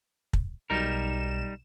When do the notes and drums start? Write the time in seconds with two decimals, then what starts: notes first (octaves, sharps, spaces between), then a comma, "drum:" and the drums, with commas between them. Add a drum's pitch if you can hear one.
0.33 drum: kick
0.70 B1 G3 D#4 A#4 E7